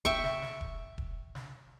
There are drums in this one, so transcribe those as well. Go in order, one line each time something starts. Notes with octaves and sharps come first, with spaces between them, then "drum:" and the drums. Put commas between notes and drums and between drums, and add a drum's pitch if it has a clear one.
E5 G5 C#6, drum: kick E1
drum: snare
drum: snare
drum: kick E1
drum: kick E1
drum: snare